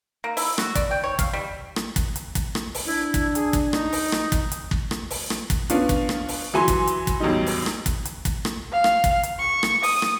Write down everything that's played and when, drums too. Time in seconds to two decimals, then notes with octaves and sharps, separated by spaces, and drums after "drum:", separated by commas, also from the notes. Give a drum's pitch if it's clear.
0.24 A#3
0.37 E4, drum: open hi-hat
0.58 F#4, drum: rim click
0.75 D5, drum: kick, hi-hat
0.91 G5
1.04 C#5
1.19 F5, drum: kick, hi-hat
1.33 G3
1.76 drum: rim click
1.96 drum: kick, hi-hat
2.16 drum: hi-hat
2.35 drum: kick, hi-hat
2.55 drum: rim click
2.75 drum: open hi-hat
2.86 D4 E4
3.14 drum: kick, hi-hat
3.35 G#4, drum: hi-hat
3.53 drum: kick, hi-hat
3.73 D#4, drum: rim click
3.93 drum: open hi-hat
4.12 drum: rim click
4.32 drum: kick, hi-hat
4.52 drum: hi-hat
4.71 drum: kick
4.91 drum: rim click
5.11 drum: open hi-hat
5.30 drum: rim click
5.50 drum: kick, hi-hat
5.70 B3 C#4 D4 F4, drum: hi-hat
5.89 drum: kick, hi-hat
6.09 drum: rim click
6.28 drum: open hi-hat
6.54 E3 F#3 G#5 B5 C6
6.68 drum: kick, hi-hat
6.87 drum: hi-hat
7.07 drum: kick, hi-hat
7.20 A1 E2 F#3 G3 D#4
7.46 drum: open hi-hat
7.66 drum: rim click
7.86 drum: kick, hi-hat
8.05 drum: hi-hat
8.25 drum: kick, hi-hat
8.45 drum: rim click
8.72 F5
8.84 drum: rim click
9.04 drum: kick, hi-hat
9.23 drum: hi-hat
9.39 C#6
9.63 drum: rim click
9.83 D#6, drum: open hi-hat
10.02 drum: rim click